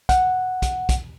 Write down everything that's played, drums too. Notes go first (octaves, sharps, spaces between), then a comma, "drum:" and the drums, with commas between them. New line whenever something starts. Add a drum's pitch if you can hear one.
F#5, drum: kick, hi-hat
drum: kick, hi-hat
drum: kick, hi-hat